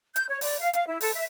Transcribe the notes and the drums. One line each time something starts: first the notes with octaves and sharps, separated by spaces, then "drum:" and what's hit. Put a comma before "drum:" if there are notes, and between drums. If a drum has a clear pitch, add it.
G6, drum: hi-hat
C#5
D5, drum: open hi-hat
F5
F5, drum: hi-hat
E4
A4, drum: open hi-hat
E5